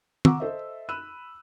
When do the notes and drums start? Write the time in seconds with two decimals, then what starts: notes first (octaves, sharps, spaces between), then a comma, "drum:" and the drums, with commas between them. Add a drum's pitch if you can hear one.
0.25 F#5 A#5 C#6 D6 E6, drum: tom
0.40 A4 C5 D#5 E5
0.89 B5 E6 F#6 D#7 E7